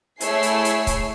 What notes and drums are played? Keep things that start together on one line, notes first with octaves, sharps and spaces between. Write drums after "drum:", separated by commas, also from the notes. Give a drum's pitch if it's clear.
A3 E4 G#4 C#5 E6 C7, drum: hi-hat
drum: hi-hat
drum: hi-hat
drum: kick C#1, hi-hat